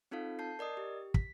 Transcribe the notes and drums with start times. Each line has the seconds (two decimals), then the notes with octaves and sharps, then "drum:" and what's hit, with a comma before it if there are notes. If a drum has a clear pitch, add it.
0.11 C4 D#4 F4 A4 F5
0.39 A5 G6 C7
0.59 A#4 D5 D#5 D#6
0.77 G4
1.14 B6, drum: kick